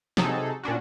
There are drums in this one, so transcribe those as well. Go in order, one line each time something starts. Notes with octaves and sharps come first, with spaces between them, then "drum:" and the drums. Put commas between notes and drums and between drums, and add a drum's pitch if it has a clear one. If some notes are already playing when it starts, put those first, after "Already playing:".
C3 F#3 D#4 G#4 A4, drum: snare
A#2 C#4 D4 F#4